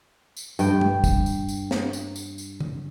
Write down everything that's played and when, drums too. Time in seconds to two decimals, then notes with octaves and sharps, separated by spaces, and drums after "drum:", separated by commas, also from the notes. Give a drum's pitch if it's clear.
0.37 drum: tambourine
0.59 G2 G5, drum: tambourine
0.81 drum: tom
1.04 drum: kick, tambourine
1.26 drum: tambourine
1.49 drum: tambourine
1.71 drum: snare
1.93 drum: tambourine
2.16 drum: tambourine
2.38 drum: tambourine
2.60 drum: tom